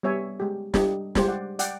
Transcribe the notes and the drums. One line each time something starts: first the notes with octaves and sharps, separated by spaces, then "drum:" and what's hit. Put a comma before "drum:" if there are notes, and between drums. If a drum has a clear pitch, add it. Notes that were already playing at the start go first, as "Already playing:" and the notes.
G3 B3 C#5 E5 G#5
G#3 G4
G3 D4 G4 D#5, drum: snare
G3 G#3 G4 C5, drum: snare
D5 F#5
D5 F#5 G5, drum: hi-hat